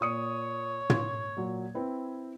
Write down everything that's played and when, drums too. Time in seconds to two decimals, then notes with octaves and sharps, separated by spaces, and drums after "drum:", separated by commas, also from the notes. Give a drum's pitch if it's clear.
0.01 A#2 C#5 D#6 C#7
0.90 C6 G#6, drum: tom
1.37 A#2 F#3
1.74 C4 E4 B4